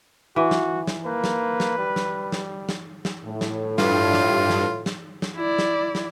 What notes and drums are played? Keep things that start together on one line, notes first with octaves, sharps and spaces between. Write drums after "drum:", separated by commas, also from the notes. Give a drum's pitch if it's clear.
E3 F#4
drum: snare
drum: snare
A#3 B4
drum: snare
drum: snare
G3
drum: snare
drum: snare
drum: snare
drum: snare
A2
drum: snare
G2 F4, drum: snare
drum: snare
drum: snare
drum: snare
drum: snare
E4 D5
drum: snare
drum: snare